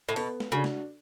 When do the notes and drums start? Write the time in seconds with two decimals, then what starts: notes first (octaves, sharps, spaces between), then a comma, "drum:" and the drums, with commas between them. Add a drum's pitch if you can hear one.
0.09 A2
0.16 B2 B3, drum: open hi-hat
0.40 drum: snare
0.52 C#3 D4 F#4
0.64 drum: snare